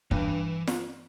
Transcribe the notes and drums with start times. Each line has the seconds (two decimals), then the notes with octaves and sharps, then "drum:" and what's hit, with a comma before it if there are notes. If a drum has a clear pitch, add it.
0.11 G2 E3, drum: kick
0.67 drum: snare